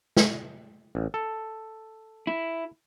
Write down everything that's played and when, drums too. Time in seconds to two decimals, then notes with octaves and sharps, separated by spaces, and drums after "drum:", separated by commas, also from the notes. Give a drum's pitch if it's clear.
0.17 drum: snare
0.95 A1
1.14 A4
2.27 E4